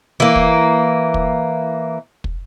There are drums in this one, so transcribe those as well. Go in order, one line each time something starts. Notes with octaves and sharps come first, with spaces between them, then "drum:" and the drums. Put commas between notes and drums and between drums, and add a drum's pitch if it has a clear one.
E3 A#3
drum: kick
drum: kick
drum: kick